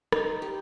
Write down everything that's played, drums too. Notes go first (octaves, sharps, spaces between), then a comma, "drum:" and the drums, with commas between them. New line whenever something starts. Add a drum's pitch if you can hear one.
D#4, drum: rim click
G4